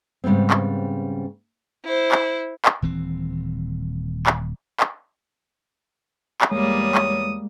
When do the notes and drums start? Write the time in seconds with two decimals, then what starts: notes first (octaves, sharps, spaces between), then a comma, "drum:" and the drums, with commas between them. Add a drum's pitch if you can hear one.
0.24 G#2 C#3 G3 B3 C4
0.50 drum: clap
1.85 E4 C5
2.12 drum: clap
2.65 drum: clap
2.82 D#1 E3 C4
4.26 drum: clap
4.80 drum: clap
6.41 drum: clap
6.52 E2 G3 G#3 A#3 C#5 D#6
6.95 drum: clap